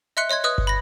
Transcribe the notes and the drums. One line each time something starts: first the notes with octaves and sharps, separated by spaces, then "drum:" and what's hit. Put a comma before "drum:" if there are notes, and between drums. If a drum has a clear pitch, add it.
D#5 E5 C6 F#6 C#7
C#5 D#5 C6 G#6
B4 D#5 D#6 F#6
drum: kick G1
B5 A#6